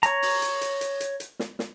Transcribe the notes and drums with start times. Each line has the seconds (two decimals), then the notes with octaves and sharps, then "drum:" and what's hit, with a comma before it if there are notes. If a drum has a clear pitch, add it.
0.03 C#5 A#5, drum: hi-hat
0.22 drum: open hi-hat
0.42 drum: hi-hat
0.61 drum: hi-hat
0.81 drum: hi-hat
1.00 drum: hi-hat
1.20 drum: hi-hat
1.39 drum: snare
1.59 drum: snare